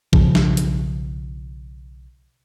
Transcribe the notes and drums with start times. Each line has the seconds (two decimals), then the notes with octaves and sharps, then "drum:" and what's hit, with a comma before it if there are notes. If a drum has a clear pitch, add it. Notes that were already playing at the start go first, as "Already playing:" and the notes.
0.13 B1 C#3 F3 C#4, drum: kick A#1
0.35 drum: snare
0.57 drum: hi-hat